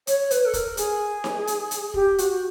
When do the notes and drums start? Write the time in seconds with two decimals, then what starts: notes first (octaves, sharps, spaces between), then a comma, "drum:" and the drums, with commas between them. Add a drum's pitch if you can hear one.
0.07 C#5, drum: hi-hat
0.31 B4, drum: hi-hat
0.45 A4
0.54 A#4, drum: kick, hi-hat
0.77 G#4, drum: hi-hat
1.24 drum: snare D#4
1.47 drum: hi-hat
1.71 drum: hi-hat
1.94 G4, drum: kick
2.18 F#4, drum: hi-hat